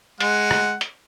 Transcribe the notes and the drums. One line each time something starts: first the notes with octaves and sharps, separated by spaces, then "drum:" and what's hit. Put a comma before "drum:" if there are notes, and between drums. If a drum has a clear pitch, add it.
G#3 F#5, drum: hi-hat
drum: rim click
drum: hi-hat